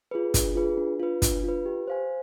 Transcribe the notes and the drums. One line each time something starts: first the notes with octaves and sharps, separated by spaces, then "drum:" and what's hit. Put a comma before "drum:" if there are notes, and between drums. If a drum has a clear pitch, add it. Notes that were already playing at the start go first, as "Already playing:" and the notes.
F4 G#4 B4
D4, drum: kick, hi-hat
F4 G#4 B4
D4
F4 B4
D4, drum: kick, hi-hat
F4 B4
G4
C5 F5 G#5